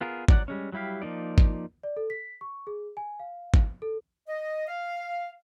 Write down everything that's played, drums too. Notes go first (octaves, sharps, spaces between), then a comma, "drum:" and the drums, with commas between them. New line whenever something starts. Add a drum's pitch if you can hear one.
B3 F4 G#4 A#4
F#3 D5 F#5, drum: kick G#1
G3 G#3 C#4
F#3 G3 E4 G4 F5
F3 A#3 D#4 D5
drum: kick G#1
D5
A4
B6
C#6
G#4
G#5
F5
drum: kick G#1
A4
D#5
F5